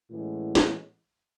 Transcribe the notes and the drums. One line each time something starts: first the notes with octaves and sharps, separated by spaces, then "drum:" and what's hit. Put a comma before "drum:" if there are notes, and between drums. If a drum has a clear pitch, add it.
A2 E3 G#3 C#4 F#4
drum: snare